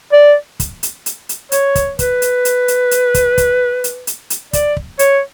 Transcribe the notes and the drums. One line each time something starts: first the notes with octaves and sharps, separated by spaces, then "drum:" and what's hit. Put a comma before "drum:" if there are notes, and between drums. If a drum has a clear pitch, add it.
D5
drum: kick, hi-hat
drum: hi-hat
drum: hi-hat
drum: hi-hat
C#5, drum: hi-hat
drum: kick, hi-hat
B4, drum: kick, hi-hat
drum: hi-hat
drum: hi-hat
drum: hi-hat
drum: hi-hat
drum: kick, hi-hat
drum: kick, hi-hat
drum: hi-hat
drum: hi-hat
drum: hi-hat
D5, drum: kick, hi-hat
drum: kick
C#5, drum: hi-hat